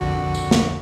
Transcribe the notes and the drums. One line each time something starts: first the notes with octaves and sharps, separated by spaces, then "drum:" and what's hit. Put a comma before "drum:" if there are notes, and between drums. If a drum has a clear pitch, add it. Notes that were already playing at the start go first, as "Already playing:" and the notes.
A#1 F2 D3 F#4
drum: tambourine
drum: snare